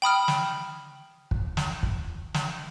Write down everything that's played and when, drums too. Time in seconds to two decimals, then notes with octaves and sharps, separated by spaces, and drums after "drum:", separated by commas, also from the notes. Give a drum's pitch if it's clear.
0.02 G5 B5 D#6 F6
0.28 drum: snare
1.31 drum: kick
1.57 drum: snare
1.83 drum: kick
2.34 drum: snare